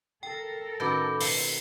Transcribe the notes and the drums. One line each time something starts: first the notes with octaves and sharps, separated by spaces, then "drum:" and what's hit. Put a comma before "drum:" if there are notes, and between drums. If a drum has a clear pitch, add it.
A4 A#4 G5
A2 D#3 C#4 F#4 B4 B5 D6 G6
B2 A#3 A5 C7 C#7, drum: open hi-hat